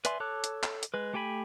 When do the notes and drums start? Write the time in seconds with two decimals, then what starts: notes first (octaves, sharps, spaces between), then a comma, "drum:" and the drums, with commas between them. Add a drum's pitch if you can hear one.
0.05 B4 D5 E5 G#5 C6, drum: hi-hat
0.20 A4 C#5 A5 D6 F#6
0.44 drum: hi-hat
0.63 drum: clap
0.83 drum: hi-hat
0.94 G#3 B4
1.13 A3 G4 G5 G#5 B5